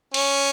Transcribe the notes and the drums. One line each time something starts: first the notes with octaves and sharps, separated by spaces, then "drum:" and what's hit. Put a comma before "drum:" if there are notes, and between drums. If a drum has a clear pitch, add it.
C#4, drum: cymbal